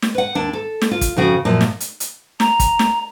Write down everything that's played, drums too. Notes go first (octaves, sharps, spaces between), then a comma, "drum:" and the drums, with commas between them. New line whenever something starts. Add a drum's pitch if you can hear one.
drum: snare
B4 F#5
D#2 D4
A4
drum: snare
F4
drum: kick, hi-hat
F2 C#3 F#4
F#2 A#2 F3
drum: snare
drum: hi-hat
drum: hi-hat
A#5, drum: snare
drum: kick, hi-hat
drum: snare